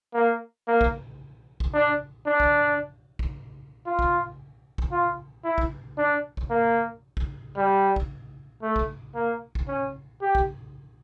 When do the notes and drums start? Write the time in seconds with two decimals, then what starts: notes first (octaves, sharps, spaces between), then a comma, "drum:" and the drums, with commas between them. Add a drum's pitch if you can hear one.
0.14 A#3
0.68 A#3
0.81 drum: kick A#1
1.60 drum: kick A#1
1.74 D4
2.27 D4
2.40 drum: kick A#1
3.19 drum: kick A#1
3.86 F4
3.99 drum: kick A#1
4.78 drum: kick A#1
4.92 F4
5.44 E4
5.58 drum: kick A#1
5.98 D4
6.37 drum: kick A#1
6.50 A#3
7.17 drum: kick A#1
7.57 G3
7.96 drum: kick A#1
8.62 A3
8.76 drum: kick A#1
9.15 A#3
9.55 drum: kick A#1
9.68 C#4
10.22 G4
10.35 drum: kick A#1